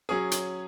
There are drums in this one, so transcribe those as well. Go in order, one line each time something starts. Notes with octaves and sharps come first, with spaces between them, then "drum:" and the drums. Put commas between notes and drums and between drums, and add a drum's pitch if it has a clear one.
F#3 C#4 G#4
drum: hi-hat